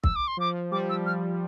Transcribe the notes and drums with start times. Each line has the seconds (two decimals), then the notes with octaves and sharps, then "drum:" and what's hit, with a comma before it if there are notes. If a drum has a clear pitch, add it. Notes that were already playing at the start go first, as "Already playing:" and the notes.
0.04 E6, drum: kick
0.16 D6
0.28 C6
0.37 F3 D6
0.71 G3 D6
0.90 E6
1.06 F6